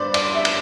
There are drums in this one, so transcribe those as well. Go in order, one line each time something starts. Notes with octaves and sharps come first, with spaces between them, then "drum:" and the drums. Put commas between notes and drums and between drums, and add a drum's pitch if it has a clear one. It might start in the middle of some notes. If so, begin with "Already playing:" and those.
Already playing: G2 B3 C5 D5
D5, drum: cymbal
E5
drum: cymbal